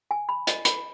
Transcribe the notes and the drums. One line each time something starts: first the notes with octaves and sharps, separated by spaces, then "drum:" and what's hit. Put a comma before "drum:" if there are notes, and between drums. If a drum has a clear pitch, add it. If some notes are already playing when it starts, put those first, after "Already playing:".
G#5
B5
D#5, drum: hi-hat
B5, drum: hi-hat